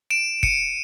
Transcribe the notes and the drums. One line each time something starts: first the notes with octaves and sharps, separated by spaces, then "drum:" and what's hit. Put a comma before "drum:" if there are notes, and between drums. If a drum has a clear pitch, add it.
D7 E7
C#7 D#7, drum: kick